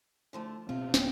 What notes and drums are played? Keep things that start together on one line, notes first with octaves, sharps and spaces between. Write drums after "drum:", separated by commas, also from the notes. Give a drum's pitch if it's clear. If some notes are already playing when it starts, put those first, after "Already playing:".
D3 F3 A3
B2 C4 F4
D1 C#3 B3 C#4 G5, drum: snare